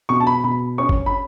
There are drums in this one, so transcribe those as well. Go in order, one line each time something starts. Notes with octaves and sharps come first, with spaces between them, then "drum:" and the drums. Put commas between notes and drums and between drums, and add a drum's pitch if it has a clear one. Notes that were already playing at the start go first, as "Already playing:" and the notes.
B2 C#6
A5
B5
B2 B5
C#4 C#6
drum: kick G1
B5